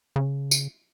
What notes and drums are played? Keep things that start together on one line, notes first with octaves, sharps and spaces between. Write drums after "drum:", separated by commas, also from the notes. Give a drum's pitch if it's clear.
C#3
drum: tambourine